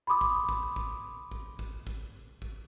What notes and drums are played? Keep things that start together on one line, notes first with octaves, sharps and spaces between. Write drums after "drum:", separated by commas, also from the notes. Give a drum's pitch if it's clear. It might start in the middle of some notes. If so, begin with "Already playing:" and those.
B5 C6 D6 D#6
drum: kick
drum: kick
drum: kick
drum: kick
drum: kick
drum: kick
drum: kick